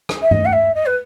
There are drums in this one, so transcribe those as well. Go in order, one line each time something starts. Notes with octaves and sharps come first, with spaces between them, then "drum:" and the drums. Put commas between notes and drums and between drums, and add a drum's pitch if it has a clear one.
drum: rim click
E5
D#5, drum: tom G2
F#5
E5
D#5
B4